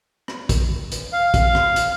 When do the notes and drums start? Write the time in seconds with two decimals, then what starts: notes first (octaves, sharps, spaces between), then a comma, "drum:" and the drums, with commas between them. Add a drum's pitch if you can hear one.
0.28 drum: rim click
0.49 drum: kick, hi-hat
0.92 drum: hi-hat
1.13 F5
1.34 drum: kick, hi-hat
1.55 drum: rim click
1.76 drum: hi-hat